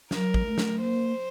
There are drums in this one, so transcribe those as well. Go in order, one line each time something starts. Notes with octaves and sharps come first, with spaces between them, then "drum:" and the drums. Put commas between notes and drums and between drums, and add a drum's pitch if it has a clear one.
F#3 A#4, drum: snare
drum: kick
A3
drum: snare
A#3 C5